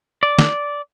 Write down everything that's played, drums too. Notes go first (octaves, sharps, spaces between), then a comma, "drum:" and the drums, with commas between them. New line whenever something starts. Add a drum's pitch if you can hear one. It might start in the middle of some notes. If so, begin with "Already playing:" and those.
D5
drum: snare